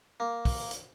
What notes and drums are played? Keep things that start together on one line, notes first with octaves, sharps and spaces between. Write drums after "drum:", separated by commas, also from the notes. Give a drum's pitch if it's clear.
A#3
drum: kick, open hi-hat
drum: hi-hat